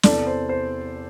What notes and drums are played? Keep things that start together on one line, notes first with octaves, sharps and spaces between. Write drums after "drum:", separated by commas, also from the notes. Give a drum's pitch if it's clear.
E2 C3 E3 A4 D5, drum: snare
C5
C5